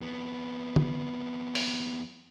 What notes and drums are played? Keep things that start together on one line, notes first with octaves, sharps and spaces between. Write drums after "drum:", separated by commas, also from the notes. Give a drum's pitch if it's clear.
F2 B3
drum: tom
drum: open hi-hat